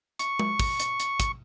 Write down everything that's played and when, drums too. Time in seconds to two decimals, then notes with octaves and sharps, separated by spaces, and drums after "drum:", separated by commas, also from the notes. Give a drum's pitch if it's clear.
0.19 C#6, drum: hi-hat
0.39 drum: tom G#3
0.60 drum: kick, open hi-hat
0.80 drum: hi-hat
1.00 drum: hi-hat
1.20 drum: kick, hi-hat